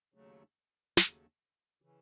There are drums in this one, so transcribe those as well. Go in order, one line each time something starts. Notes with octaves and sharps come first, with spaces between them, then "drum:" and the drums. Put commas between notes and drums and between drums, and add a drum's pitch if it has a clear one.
D#2 C#3 F#3 A3
D#2 C#3 F#3 A3, drum: snare
C#3 E3